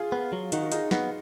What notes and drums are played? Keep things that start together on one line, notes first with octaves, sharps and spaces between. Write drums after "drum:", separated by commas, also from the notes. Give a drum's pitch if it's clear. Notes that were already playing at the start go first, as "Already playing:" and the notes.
Already playing: F4 G#4
B3
F#3
D#3 D#4 F#4, drum: hi-hat
F#4
D#4 F4 G#4, drum: hi-hat
B3 D#4 F#4, drum: snare